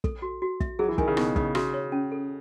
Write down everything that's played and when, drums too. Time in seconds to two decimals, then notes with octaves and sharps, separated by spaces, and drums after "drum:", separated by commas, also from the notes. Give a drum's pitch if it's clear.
0.04 A4, drum: kick
0.22 F#4
0.42 F#4
0.60 E5, drum: kick
0.79 F#3 G#4
0.88 E3
0.98 D#3 G#5, drum: kick
1.08 C#3
1.17 B2 D#4, drum: rim click
1.36 C#3 D#5, drum: kick
1.55 C#3 F#4, drum: rim click
1.74 C#5
1.92 C#4
2.12 A4